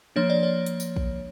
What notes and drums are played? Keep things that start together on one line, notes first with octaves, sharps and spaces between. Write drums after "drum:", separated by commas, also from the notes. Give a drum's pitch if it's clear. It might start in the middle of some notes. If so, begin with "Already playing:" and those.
F3 A#3 D4 C#5
D5
C#5
drum: hi-hat
drum: tambourine
drum: kick